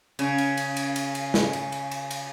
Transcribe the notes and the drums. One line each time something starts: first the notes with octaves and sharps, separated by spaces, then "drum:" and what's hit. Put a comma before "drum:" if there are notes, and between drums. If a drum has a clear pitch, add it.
C#3, drum: cymbal
drum: cymbal
drum: cymbal
drum: cymbal
drum: cymbal
drum: cymbal
drum: snare
drum: cymbal
drum: cymbal
drum: cymbal
drum: cymbal